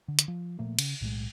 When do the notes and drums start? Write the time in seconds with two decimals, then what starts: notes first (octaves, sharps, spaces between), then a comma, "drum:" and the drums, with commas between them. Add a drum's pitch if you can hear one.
0.08 D3
0.19 drum: hi-hat
0.28 F3
0.59 A#2 F3 A3 A#3
0.79 C#3, drum: cymbal
1.01 B1 A2 D#3 G#3